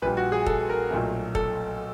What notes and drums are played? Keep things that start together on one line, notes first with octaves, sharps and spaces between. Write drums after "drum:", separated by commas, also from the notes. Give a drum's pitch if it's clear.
A#1 A#2 G3 B4
F#4
G#4
A4, drum: kick
A#4
B1 A#2 F#3 A3
A4, drum: kick